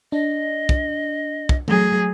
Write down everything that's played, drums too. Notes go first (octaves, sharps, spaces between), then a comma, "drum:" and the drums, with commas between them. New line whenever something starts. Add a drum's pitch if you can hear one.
D4 D#5
drum: kick
drum: kick
F#3 A3 G#4, drum: tom E3